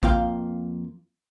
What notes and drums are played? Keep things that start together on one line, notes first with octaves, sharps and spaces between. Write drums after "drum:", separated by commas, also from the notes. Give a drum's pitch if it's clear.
F2 A#3 F4 F5 G5, drum: kick A#1